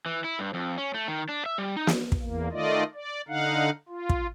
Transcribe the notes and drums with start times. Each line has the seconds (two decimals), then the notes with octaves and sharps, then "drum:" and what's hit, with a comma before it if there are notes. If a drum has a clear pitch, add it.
0.06 E3
0.24 E4
0.39 G2
0.54 F2
0.78 C#4
0.94 A3
1.08 D#3
1.29 D4
1.46 E5
1.58 G3
1.77 D#4
1.87 drum: snare
2.12 drum: kick
2.22 E2 A#3
2.52 D#3 A3 F4 D5 D#5
2.95 D5
3.28 D3 D#4 F5 F#5
3.89 F4
4.10 drum: kick